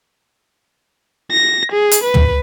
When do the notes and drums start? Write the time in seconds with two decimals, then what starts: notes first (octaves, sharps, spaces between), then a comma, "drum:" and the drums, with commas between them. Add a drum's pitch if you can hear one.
1.32 A#6
1.71 G#4
1.91 drum: hi-hat
2.03 B4
2.14 drum: tom